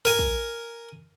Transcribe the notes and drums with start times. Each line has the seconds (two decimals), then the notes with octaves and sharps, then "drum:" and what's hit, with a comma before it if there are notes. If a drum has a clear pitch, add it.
0.05 A#4 G#5, drum: tom G2
0.19 drum: kick